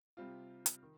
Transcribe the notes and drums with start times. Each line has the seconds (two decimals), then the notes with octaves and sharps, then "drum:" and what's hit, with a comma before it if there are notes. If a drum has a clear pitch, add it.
0.17 C3 G3 C4 F4
0.66 drum: hi-hat
0.83 D#3